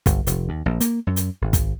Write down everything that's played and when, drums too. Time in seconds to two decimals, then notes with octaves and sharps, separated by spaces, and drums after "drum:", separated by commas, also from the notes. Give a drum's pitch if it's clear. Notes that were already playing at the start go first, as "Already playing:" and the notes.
0.06 G1, drum: kick, hi-hat
0.27 F1, drum: hi-hat
0.49 D#2
0.66 A#1
0.80 A#3, drum: hi-hat
1.07 F#2
1.16 drum: hi-hat
1.41 G#1
1.53 drum: kick, hi-hat